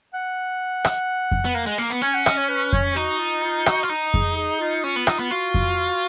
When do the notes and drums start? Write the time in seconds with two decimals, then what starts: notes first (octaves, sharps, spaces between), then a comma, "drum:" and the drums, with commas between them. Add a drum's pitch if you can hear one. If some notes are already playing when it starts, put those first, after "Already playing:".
0.14 F#5
0.85 drum: rim click
1.32 drum: kick F2
1.45 B3
1.54 A#3
1.66 G#3
1.78 A#3
1.90 B3
2.02 C#4 G#5
2.14 F#5
2.26 D#5, drum: rim click
2.37 C#5
2.49 B4
2.73 C#5, drum: kick F2
2.96 D#4 F#4
3.19 F4
3.44 F4
3.66 F#4, drum: rim click
3.83 F4
3.89 D#4
4.14 G#4, drum: kick F2
4.37 G#4
4.60 F4
4.84 C#4 F4
4.96 B3
5.07 D#4, drum: rim click
5.19 B3
5.30 F4 F#4
5.54 drum: kick F2